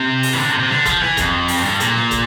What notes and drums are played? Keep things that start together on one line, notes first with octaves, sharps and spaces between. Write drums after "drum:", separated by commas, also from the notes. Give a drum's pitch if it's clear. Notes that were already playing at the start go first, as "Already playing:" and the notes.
Already playing: C3
drum: open hi-hat
E3
D3
C3
C3
D3, drum: snare
F3, drum: kick, hi-hat
E3, drum: snare
F2, drum: kick, hi-hat
drum: open hi-hat
G2
A#2, drum: hi-hat
drum: snare
drum: kick, hi-hat